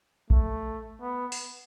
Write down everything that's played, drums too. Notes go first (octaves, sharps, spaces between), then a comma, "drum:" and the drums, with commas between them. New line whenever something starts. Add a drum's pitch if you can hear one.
A3, drum: kick A1
B3
drum: open hi-hat